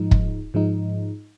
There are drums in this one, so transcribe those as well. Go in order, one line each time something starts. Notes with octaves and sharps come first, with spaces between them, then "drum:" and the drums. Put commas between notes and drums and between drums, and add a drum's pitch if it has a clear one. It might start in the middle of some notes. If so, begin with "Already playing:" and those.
Already playing: G#2 F3 G#3 D#4
drum: kick
G#2 F3 G#3 D#4